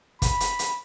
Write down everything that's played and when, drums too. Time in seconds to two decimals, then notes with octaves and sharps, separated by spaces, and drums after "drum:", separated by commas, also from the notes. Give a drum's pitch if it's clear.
0.22 B5, drum: kick, hi-hat
0.40 drum: hi-hat
0.59 drum: hi-hat